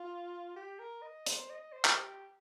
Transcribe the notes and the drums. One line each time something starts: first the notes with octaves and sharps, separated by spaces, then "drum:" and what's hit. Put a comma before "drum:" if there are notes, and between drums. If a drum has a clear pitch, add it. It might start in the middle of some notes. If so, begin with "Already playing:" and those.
Already playing: F4
G4
A#4
D#5
C5, drum: hi-hat
D#5
C5
drum: clap
G4